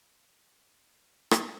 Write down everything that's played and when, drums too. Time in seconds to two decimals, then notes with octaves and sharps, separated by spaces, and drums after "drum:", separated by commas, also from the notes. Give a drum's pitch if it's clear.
0.14 B1
0.60 G3
1.31 drum: rim click